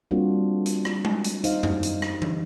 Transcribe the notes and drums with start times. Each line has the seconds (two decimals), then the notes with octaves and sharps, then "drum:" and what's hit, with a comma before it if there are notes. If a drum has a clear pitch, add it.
0.11 G3 A#3 C4 D4 F4 F#4
0.66 drum: hi-hat
0.85 drum: rim click
1.05 drum: tom G#3
1.24 drum: hi-hat
1.44 D#4 C5 F5, drum: hi-hat
1.63 drum: tom F#2
1.83 drum: hi-hat
2.02 drum: rim click
2.22 drum: tom E3